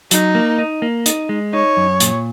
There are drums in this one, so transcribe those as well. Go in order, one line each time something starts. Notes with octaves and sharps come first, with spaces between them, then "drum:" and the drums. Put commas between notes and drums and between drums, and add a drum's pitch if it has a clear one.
F#3 D#4, drum: hi-hat
A#3
D#4
A#3
D#4, drum: hi-hat
G#3
D#4 C#5
F#2
A#2, drum: hi-hat